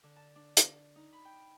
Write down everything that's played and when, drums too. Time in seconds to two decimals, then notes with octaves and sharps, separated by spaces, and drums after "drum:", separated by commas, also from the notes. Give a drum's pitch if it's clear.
0.03 D3
0.16 A5
0.35 D4
0.57 D4, drum: hi-hat
0.96 D#4
1.13 B5
1.25 G5